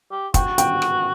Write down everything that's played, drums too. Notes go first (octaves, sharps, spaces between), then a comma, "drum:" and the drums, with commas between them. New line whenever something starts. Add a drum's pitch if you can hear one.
G4
F#4 G5, drum: kick, hi-hat
G5, drum: hi-hat
drum: rim click